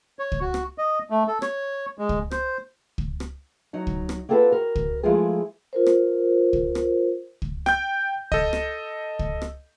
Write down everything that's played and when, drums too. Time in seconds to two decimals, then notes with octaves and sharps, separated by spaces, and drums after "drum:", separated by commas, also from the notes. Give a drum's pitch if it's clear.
0.19 C#5
0.32 drum: kick
0.41 F#4
0.54 drum: rim click
0.78 D#5
1.10 A3
1.28 A4
1.42 C#5, drum: rim click
1.98 G#3
2.09 drum: kick
2.31 C5, drum: rim click
2.98 drum: kick
3.20 drum: rim click
3.73 F#3 D#4
3.87 drum: kick
4.09 drum: rim click
4.29 A#3 C4 F4 A4 B4 F#5
4.51 F#4 A#4
4.76 drum: kick
5.03 F3 G#3 A3 E4 F4 G#4
5.73 F4 A#4 C5
5.86 drum: rim click
6.53 drum: kick
6.75 drum: rim click
7.42 drum: kick
7.66 G5 G6, drum: rim click
8.32 A4 D#5, drum: kick
8.53 drum: rim click
9.19 drum: kick
9.42 drum: rim click